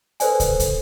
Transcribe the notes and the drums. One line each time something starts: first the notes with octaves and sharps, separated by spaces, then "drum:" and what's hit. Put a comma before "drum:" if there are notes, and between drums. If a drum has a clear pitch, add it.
A4 B4 C5 D5 G#5, drum: hi-hat
drum: kick, hi-hat
drum: kick, hi-hat